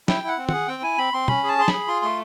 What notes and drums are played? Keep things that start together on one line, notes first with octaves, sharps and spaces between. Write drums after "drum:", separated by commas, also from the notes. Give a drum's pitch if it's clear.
E4 G5, drum: snare
E4 F#5
C4
G#4 F#5, drum: tom
C4 G5
E4 G#5
C4 B5
C4 C6
C#4 B5, drum: tom
G#4
A5
G#4 C6
B5, drum: snare
G#4
F4 C6
A3 C6